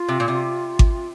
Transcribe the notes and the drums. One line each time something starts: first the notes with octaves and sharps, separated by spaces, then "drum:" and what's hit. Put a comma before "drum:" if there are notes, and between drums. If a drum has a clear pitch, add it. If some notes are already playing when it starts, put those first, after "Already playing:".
Already playing: F4
C3
A#2
C3
drum: kick G#1